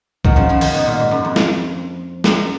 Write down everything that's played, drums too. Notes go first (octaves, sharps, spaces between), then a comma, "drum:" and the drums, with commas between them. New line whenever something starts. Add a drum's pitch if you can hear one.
D#3 F#3, drum: kick C2
C#3 F3
C#3 F3
D#3, drum: open hi-hat
B2
A#2
G#2
F#2
F2
drum: snare
F#2, drum: snare